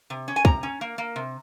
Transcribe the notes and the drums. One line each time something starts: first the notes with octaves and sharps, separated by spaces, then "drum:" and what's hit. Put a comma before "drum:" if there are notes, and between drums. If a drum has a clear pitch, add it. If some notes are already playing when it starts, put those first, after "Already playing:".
C3
C#4
G#5
C3 A#5, drum: kick
C#4
A#3
A#3
C3